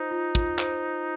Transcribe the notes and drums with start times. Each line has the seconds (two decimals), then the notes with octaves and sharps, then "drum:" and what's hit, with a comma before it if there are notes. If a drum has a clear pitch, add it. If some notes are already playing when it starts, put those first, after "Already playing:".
Already playing: D#4 F4 C5
0.11 F4
0.35 F4, drum: kick
0.59 C5, drum: clap